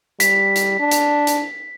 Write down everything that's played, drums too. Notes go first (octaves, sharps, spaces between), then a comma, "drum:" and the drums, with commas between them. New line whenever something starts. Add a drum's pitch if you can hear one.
G3 B6, drum: hi-hat
drum: hi-hat
D4
drum: hi-hat
drum: hi-hat